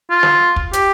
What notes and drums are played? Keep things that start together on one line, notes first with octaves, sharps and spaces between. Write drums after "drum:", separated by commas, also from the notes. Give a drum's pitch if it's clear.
F4
drum: snare
drum: kick
G4, drum: hi-hat